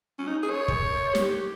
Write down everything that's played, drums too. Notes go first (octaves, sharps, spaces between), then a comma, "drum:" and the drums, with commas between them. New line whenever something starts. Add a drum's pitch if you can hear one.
C#4
D#4
G#4
C#5
drum: kick
G4, drum: snare